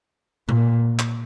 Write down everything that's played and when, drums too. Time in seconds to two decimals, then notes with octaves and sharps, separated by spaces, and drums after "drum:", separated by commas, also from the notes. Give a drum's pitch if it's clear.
0.49 A#2, drum: tom B2
0.99 drum: clap